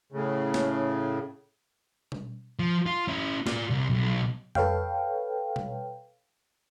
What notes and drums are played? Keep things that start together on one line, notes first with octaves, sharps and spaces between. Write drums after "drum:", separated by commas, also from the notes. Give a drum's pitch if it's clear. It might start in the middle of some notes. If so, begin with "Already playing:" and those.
A2 C#3
drum: snare
drum: tom B2
F3
F4
C#4 E4
F4 D5, drum: snare
C2
B1
A4 B4 C#5 F5 G5, drum: tom F2
drum: tom B2